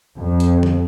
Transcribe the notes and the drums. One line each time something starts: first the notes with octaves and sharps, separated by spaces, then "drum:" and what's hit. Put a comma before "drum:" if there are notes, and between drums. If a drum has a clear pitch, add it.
F2
drum: hi-hat
drum: tom D3